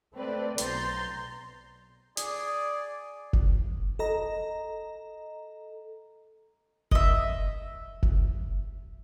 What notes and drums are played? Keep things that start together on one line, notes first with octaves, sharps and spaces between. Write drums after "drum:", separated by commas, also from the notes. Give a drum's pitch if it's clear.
A3 C4 B4 D5
B1 A#5 C6 G6 A6, drum: hi-hat
G#4 D5, drum: hi-hat
drum: kick F1
A4 D#5 A#5
D#5 E5, drum: kick F1
drum: kick F1